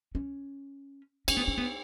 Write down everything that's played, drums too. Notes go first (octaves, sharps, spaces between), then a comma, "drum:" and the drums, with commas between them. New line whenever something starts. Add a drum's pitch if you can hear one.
C#4
C#4, drum: cymbal
B3
C#4
B3